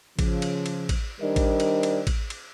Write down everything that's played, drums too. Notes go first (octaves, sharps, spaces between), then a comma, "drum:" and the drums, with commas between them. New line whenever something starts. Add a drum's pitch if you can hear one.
C#3 F3, drum: kick A1, cymbal
drum: cymbal
drum: cymbal
drum: kick A1, cymbal
D#3 G3 D4 A#4 C5 D#5
drum: kick A1, cymbal
drum: cymbal
drum: cymbal
drum: kick A1, cymbal
drum: cymbal